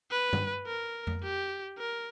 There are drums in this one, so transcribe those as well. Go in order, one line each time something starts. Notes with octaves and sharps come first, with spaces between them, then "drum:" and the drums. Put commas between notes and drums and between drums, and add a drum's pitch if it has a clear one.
B4
drum: tom G2
A#4
drum: tom F2
G4
A#4